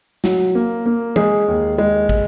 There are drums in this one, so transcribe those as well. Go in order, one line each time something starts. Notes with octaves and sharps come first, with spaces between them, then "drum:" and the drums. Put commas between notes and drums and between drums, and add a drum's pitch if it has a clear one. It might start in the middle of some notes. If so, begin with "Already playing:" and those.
F#3, drum: snare
A#3
A#3
G#3 G#4, drum: tom
D#2
G#3
drum: kick